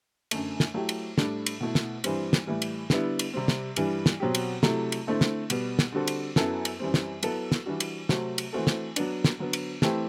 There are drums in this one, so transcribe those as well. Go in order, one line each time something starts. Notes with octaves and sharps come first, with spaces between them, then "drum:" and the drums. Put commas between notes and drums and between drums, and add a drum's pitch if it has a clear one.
F#2 D3 A3, drum: cymbal
drum: snare
F#3 A3 E4 G4
drum: cymbal
A2 G3 D4 A4, drum: snare
drum: cymbal
B2 A3 E4
drum: snare
G2 E3 G3 C4, drum: cymbal
drum: snare
A2 E3 G3
drum: cymbal
D3 G3 B3 E4, drum: snare
drum: cymbal
C3 G3 C4
drum: snare
G2 E3 G3, drum: cymbal
drum: snare
B2 F#3 C4 G4
drum: cymbal
C3 F#3 A3 E4 A4, drum: snare
drum: cymbal
D3 A3 C4 E4 A4
drum: snare
B2 G3 B3, drum: cymbal
drum: snare
D3 G3 C4 F#4 A4
drum: cymbal
F#2 F#3 B3 E4 A4, drum: snare
drum: cymbal
F#2 E3 G3 C4
drum: snare
F#3 B3 E4 A4, drum: cymbal
drum: snare
E3 G3 D4 F#4
drum: cymbal
C3 F#3 A3 C4 F#4, drum: snare
drum: cymbal
E3 A3 C4 F#4 A4
drum: snare
F#3 B3 D4, drum: cymbal
drum: snare
D3 F#3 B3
drum: cymbal
E3 A3 C4 E4 G4, drum: snare